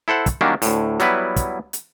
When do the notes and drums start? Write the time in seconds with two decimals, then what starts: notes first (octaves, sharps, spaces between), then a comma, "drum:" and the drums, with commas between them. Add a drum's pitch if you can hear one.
0.08 E4 A4 C5 F#5
0.26 drum: kick, hi-hat
0.41 D#3 F#3 G3 A#3 C#4 D4
0.62 D2 A2, drum: open hi-hat
1.00 F#3 G3 B3 E4 B4, drum: snare
1.36 drum: kick, hi-hat
1.73 drum: hi-hat